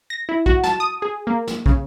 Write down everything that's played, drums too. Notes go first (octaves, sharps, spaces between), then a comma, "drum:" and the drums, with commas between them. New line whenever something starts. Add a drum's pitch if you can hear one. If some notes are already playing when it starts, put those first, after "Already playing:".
A#6
E4
F#4, drum: kick
A5, drum: snare
D#6
G#4
A#3
drum: snare
C#3, drum: kick